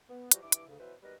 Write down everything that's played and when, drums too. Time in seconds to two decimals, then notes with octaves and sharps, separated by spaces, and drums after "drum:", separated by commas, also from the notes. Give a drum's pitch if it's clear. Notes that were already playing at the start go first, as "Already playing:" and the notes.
0.09 B3
0.32 E3 F3 G3 F#4 G4, drum: hi-hat
0.43 G2 E3 E4 D6
0.52 drum: hi-hat
0.67 D2 C#3
0.79 B2 E3 F#3 B4 C5 E5
1.03 B2 G3 D#4 A#4 B4